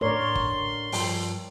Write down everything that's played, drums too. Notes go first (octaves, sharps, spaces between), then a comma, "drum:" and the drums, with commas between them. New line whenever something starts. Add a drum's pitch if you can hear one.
A2 D3 D4 A#4 C#5 D5 C6
drum: kick
G2 F3 G5, drum: open hi-hat